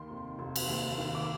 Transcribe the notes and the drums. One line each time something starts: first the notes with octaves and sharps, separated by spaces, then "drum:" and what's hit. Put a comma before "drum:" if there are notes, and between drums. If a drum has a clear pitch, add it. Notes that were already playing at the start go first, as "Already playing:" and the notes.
Already playing: D#2 D#3 C6
F1
F1
drum: cymbal
D#2
D#3
D6